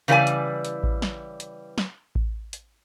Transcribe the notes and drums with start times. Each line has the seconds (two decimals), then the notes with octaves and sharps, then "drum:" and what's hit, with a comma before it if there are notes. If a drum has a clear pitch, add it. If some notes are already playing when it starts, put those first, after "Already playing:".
0.08 C#3 E3 G3 B4 D5 G#5
0.27 drum: hi-hat
0.65 drum: hi-hat
0.83 drum: kick A1
1.02 drum: snare
1.40 drum: hi-hat
1.78 drum: snare
2.15 drum: kick A1
2.53 drum: hi-hat